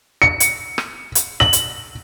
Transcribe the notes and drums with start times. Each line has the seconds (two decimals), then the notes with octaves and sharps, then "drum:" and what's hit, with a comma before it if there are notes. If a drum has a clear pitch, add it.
0.22 C#7
0.40 drum: hi-hat
0.78 drum: rim click
1.15 drum: hi-hat
1.40 F#7
1.53 drum: hi-hat